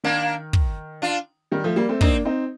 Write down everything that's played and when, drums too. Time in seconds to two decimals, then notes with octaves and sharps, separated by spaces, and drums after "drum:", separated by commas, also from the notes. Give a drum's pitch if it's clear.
0.04 D#3 A#3 D4
0.53 drum: kick
1.02 D4 F4
1.52 D#3 G3
1.64 F3 A3
1.76 G3 A#3
1.89 A3 C4
2.01 A#3 C4 D4 D#4, drum: kick
2.25 C4 D#4